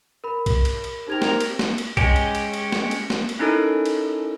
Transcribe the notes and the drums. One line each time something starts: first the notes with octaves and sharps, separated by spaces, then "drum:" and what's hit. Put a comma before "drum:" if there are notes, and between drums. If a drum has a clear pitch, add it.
A#4 B5
drum: kick B1, cymbal
drum: cymbal
drum: cymbal
C4 D#4 G4 A#4 G#6 F7
drum: snare
drum: cymbal
drum: snare
drum: cymbal
G#3 C#4 G4, drum: kick B1, cymbal
drum: cymbal
drum: cymbal
drum: cymbal
drum: snare
drum: cymbal
drum: snare
drum: cymbal
C#4 D#4 E4 A4 A#4
drum: cymbal